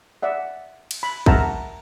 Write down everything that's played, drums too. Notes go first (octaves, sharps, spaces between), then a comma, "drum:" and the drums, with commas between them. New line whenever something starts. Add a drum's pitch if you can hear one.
D5 E5 F#5
drum: cymbal
B5
A#4 E5 F#5 A5 A#5, drum: kick